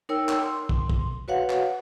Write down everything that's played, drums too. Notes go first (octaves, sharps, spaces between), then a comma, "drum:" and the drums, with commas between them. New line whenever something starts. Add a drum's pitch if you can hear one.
D#4 A#4 C#5 G5 E6
drum: clap
C6
drum: kick
drum: kick
F#4 B4 C#5 F5 F#5
drum: clap